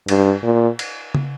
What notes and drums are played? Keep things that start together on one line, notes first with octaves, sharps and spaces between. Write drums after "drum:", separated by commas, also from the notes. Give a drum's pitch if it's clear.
G2, drum: cymbal
A#2
drum: cymbal
drum: tom